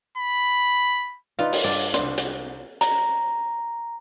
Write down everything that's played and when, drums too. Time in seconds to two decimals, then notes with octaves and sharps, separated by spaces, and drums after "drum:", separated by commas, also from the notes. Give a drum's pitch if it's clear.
0.18 B5
1.39 D#4 F4 B4 D5
1.53 drum: open hi-hat
1.64 G2 D5
1.94 C2 D4 C6, drum: hi-hat
2.18 drum: hi-hat
2.81 A#5, drum: hi-hat